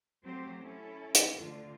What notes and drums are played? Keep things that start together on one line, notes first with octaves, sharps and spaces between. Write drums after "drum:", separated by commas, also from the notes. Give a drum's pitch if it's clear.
F#3 A3 C4 G4 C5
C#4 E4 A4
drum: hi-hat
D2 D3 F4